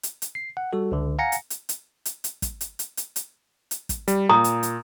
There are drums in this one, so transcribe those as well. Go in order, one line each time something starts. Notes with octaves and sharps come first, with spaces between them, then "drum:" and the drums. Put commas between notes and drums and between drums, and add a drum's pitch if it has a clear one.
drum: hi-hat
drum: hi-hat
C7
F#5
G3 F#4 A4
C#2 D3
F5 F#5 G#5 A#5 A#6 C#7
drum: hi-hat
drum: hi-hat
drum: hi-hat
drum: hi-hat
drum: hi-hat
drum: kick, hi-hat
drum: hi-hat
drum: hi-hat
drum: hi-hat
drum: hi-hat
drum: hi-hat
drum: kick, hi-hat
G3, drum: hi-hat
A#2 A#5 D#6
drum: hi-hat
drum: hi-hat